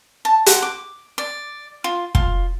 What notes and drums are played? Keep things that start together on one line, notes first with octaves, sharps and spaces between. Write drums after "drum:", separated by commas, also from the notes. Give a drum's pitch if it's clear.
A5
F#5, drum: hi-hat
D6
D5
F4
F4, drum: kick